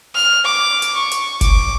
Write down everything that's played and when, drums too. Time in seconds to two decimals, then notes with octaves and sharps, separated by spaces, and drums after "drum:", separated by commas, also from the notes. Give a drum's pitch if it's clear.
0.15 F6
0.45 D6
0.82 drum: hi-hat
0.97 C#6
1.11 drum: hi-hat
1.41 D6, drum: kick, hi-hat